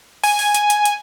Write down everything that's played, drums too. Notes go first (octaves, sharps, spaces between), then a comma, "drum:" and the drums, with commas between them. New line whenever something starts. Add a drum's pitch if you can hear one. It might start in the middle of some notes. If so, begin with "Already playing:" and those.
G#5, drum: open hi-hat
drum: open hi-hat
drum: hi-hat
drum: hi-hat
drum: hi-hat